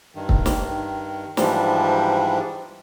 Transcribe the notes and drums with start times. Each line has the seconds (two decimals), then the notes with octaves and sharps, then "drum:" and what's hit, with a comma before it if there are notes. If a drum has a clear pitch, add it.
0.15 G2 D#3
0.29 drum: kick
0.46 drum: snare
1.37 G#2 E3 F3 G3 D4, drum: snare